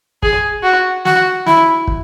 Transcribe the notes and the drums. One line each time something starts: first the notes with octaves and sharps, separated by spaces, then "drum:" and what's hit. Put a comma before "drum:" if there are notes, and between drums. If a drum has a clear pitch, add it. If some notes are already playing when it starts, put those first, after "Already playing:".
G#4, drum: kick
F#4
F#4, drum: snare
E4, drum: snare
drum: kick